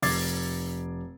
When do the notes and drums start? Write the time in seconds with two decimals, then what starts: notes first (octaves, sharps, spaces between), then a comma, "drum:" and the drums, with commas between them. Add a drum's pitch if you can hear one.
0.02 F1 D6 G#6 A6 C7, drum: open hi-hat